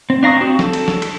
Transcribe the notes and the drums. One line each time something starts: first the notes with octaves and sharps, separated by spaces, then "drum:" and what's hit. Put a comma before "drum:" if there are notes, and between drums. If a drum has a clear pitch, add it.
C4
D4 F5 A#5 C#6 D#6
C4 F#4
A4, drum: snare
drum: cymbal
drum: snare
drum: cymbal